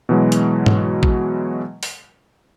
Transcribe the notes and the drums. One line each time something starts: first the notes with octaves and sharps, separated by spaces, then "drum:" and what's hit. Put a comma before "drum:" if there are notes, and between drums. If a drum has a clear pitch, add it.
B2 E3 F#3 G#3
drum: hi-hat
drum: tom G#2
drum: kick A1
drum: open hi-hat